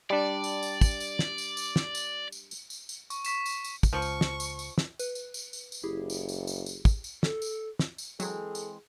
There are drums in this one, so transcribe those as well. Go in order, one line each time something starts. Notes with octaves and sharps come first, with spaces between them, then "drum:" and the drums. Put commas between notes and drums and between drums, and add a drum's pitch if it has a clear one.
G3 D4 D5
drum: tambourine
drum: tambourine
drum: kick, tambourine
drum: tambourine
drum: snare
drum: tambourine
drum: tambourine
drum: snare
drum: tambourine
drum: tambourine
drum: tambourine
drum: tambourine
drum: tambourine
C#6, drum: tambourine
C#6 B6 E7, drum: tambourine
drum: tambourine
drum: tambourine
drum: kick, tambourine
C#2 F3 C#6
drum: tambourine
drum: snare
drum: tambourine
drum: tambourine
drum: snare
B4, drum: tambourine
drum: tambourine
drum: tambourine
drum: tambourine
drum: tambourine
F#1 E4 G4 G#4
drum: tambourine
drum: tambourine
drum: tambourine
drum: tambourine
drum: kick, tambourine
drum: tambourine
A4, drum: snare
drum: tambourine
drum: snare
drum: tambourine
E3 F#3 G#3 C4 G#4 A4, drum: tambourine
drum: tambourine